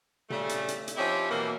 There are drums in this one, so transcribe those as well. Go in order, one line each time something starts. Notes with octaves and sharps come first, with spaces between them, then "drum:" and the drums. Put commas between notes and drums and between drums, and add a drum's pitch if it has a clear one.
C#3 G3 A3, drum: tom
drum: hi-hat
drum: hi-hat
drum: hi-hat
F3 C4 C#4 D#4 E4 G4
B2 E3 A#3